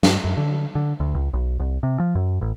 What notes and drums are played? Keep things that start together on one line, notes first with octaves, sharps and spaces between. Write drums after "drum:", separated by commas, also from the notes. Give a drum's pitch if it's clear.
G2, drum: snare
F#2
D3
D3
D2
C#2
B1
C2
C3
F3
F#2
A1